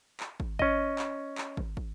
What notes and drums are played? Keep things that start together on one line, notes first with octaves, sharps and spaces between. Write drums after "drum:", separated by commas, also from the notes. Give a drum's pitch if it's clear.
drum: clap
drum: kick
C#4 D#5, drum: kick
drum: clap
drum: clap
drum: kick
drum: kick